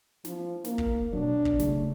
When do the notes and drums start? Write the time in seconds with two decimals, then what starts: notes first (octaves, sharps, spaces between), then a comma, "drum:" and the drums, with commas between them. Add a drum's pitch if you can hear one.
0.25 F3, drum: snare
0.65 A#3, drum: snare
0.78 drum: kick
1.13 B2 F#3 D4
1.45 drum: kick
1.60 C#3 A3, drum: snare